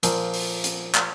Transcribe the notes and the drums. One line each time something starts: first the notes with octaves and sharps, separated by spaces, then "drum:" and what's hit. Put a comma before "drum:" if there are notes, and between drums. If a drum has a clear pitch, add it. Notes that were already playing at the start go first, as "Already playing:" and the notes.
A#2 F3, drum: hi-hat
drum: open hi-hat
drum: hi-hat
drum: clap